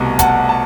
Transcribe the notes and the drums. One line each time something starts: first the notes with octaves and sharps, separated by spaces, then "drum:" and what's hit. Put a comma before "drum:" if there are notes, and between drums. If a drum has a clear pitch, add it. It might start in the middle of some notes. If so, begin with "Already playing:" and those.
Already playing: C2 B2 A3
F#5 A5, drum: kick, hi-hat
A5